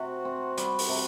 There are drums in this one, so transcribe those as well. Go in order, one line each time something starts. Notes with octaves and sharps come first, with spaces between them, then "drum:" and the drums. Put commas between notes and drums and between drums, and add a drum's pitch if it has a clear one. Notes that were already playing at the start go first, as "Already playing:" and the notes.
Already playing: C3 F#4
C4
G3, drum: hi-hat
drum: open hi-hat
C3